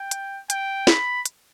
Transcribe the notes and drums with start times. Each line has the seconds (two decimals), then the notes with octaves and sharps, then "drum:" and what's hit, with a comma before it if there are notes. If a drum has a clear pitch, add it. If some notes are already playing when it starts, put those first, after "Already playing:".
Already playing: G5
0.11 drum: hi-hat
0.50 G5, drum: hi-hat
0.87 B5, drum: snare
1.26 drum: hi-hat